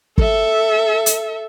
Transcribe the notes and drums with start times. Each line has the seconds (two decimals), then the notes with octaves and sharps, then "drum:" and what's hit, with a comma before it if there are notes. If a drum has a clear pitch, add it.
0.18 A4 E5, drum: kick
1.06 drum: hi-hat